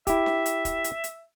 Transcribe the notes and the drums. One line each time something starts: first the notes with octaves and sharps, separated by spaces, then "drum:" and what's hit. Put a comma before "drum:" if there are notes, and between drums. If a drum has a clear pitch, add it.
E4 G4 E5, drum: kick, hi-hat
drum: snare
drum: hi-hat
drum: kick, hi-hat
drum: hi-hat
drum: hi-hat